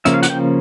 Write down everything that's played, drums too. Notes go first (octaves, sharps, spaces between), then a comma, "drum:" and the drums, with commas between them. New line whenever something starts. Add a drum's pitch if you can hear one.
C#3 F3 A#3 C#4 E5, drum: hi-hat
F5
F#5, drum: hi-hat
G5